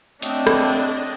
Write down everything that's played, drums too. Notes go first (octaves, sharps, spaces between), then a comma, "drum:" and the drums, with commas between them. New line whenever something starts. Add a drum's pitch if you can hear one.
F#3 A3 C4 D4 D#5, drum: hi-hat
drum: rim click